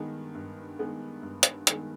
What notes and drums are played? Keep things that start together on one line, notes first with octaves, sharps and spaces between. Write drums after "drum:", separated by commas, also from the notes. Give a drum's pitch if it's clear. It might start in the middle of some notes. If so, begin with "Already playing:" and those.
Already playing: G2 D#3 G#3 B3
G2
D#3 G#3 B3
G2
drum: hi-hat
D#3 G#3 B3, drum: hi-hat